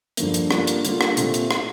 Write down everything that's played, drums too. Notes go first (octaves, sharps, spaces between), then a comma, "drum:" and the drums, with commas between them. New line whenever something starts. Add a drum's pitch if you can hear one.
G2 D3 F3 A#3, drum: hi-hat
drum: hi-hat
D3 G3 A#3 D4 F4, drum: rim click
drum: hi-hat
D3 G3 A#3 D4 F4, drum: hi-hat
drum: rim click
A#2 A3 C4 F4, drum: hi-hat
drum: hi-hat
drum: rim click